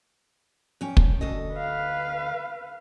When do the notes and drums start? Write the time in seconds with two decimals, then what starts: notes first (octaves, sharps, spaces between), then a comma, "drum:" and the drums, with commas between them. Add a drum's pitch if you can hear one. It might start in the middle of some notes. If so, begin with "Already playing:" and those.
0.81 F2 C#4 G5
0.97 drum: kick
1.21 D2 A4 D#5
1.53 B4 F5